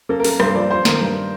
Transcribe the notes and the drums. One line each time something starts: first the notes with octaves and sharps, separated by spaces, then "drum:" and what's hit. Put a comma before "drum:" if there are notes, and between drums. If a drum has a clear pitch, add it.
A#3 A4
A#4
A#3, drum: open hi-hat
A#4
G2 C5, drum: rim click
F3 D5
F4 C5
D#3 A#4, drum: snare
G2 A#4